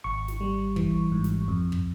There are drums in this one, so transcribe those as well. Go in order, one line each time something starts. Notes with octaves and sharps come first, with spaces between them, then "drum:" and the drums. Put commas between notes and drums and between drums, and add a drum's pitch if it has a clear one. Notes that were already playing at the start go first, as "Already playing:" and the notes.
G#1 C#6
drum: snare
G3
E3, drum: kick
G#2
drum: snare
F2
drum: kick